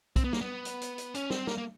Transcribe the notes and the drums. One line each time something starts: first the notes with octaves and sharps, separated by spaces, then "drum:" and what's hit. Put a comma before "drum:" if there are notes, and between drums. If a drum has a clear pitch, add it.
C4, drum: kick, hi-hat
B3
A#3, drum: snare
B3
drum: hi-hat
drum: hi-hat
drum: hi-hat
C#4, drum: hi-hat
C4, drum: snare
A#3, drum: snare
A#3